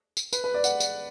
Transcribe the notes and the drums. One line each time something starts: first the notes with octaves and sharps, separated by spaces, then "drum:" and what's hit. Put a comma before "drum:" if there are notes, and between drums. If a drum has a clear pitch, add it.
drum: tambourine
B4, drum: tambourine
B4
D5
F#5, drum: tambourine
drum: tambourine